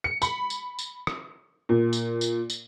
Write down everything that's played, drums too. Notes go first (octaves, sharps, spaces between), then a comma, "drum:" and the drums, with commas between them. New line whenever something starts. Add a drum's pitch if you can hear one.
C#7
B5, drum: tambourine
drum: tambourine
drum: tambourine
drum: rim click
A#2
drum: tambourine
drum: tambourine
drum: tambourine